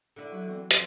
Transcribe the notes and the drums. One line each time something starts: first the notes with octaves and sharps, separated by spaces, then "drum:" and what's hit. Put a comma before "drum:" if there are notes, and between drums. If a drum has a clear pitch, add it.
D3 E4
F#3 F#4
E3 F#3 C4
F3 A4 B4, drum: hi-hat